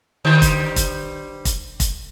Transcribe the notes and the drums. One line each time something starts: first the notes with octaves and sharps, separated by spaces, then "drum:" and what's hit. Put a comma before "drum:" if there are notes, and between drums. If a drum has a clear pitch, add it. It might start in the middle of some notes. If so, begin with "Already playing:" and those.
D3 G3 C5
drum: kick, hi-hat
drum: kick, hi-hat
drum: kick, hi-hat
drum: kick, hi-hat